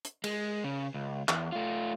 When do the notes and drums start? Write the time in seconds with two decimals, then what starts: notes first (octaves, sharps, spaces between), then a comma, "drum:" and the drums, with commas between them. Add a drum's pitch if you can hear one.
0.05 drum: hi-hat
0.24 G#3, drum: cymbal
0.64 C#3
0.94 C#2
1.29 E2, drum: clap
1.52 A3 F4